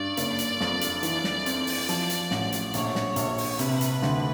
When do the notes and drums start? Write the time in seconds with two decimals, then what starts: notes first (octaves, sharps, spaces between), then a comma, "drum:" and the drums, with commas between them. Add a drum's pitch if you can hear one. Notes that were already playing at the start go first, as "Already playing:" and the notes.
Already playing: G2 D5
0.17 F#1, drum: hi-hat
0.39 drum: hi-hat
0.61 F2, drum: snare
0.81 drum: hi-hat
1.03 E3, drum: hi-hat
1.24 drum: snare
1.46 C4, drum: hi-hat
1.67 drum: open hi-hat
1.89 F3, drum: hi-hat
2.10 drum: hi-hat
2.31 A1, drum: snare
2.52 drum: hi-hat
2.74 A#1 C#5, drum: hi-hat
2.95 drum: snare
3.16 A#1, drum: hi-hat
3.38 drum: open hi-hat
3.59 C3 B4, drum: hi-hat
3.81 drum: hi-hat
4.02 D2, drum: snare